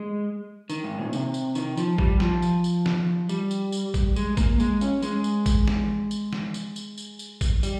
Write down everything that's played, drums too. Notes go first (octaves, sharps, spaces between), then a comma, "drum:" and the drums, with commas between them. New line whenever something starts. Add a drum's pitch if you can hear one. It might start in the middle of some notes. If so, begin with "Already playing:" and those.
Already playing: G#3
D#3, drum: tambourine
G#2
A#2
C3, drum: tambourine
drum: tambourine
D#3, drum: tambourine
F3, drum: tambourine
G3, drum: kick A1
F3, drum: snare
drum: tambourine
drum: tambourine
drum: snare
G3, drum: tambourine
drum: tambourine
drum: tambourine
drum: kick A1, tambourine
G#3, drum: tambourine
A#3, drum: kick A1, tambourine
G#3, drum: tambourine
C#4, drum: tambourine
G#3, drum: tambourine
drum: tambourine
drum: kick A1, tambourine
drum: snare
drum: tambourine
drum: snare
drum: tambourine
drum: tambourine
drum: tambourine
drum: tambourine
drum: kick A1, tambourine
G3, drum: tambourine